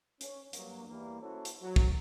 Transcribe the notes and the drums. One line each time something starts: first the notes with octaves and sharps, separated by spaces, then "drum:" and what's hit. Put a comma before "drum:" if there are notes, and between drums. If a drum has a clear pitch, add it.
C#4, drum: hi-hat
G2 F#3 A#3, drum: hi-hat
E2 E3 G3 A#3
C#4 E4 F#4 A4 C5 C#5
drum: hi-hat
F#3
drum: kick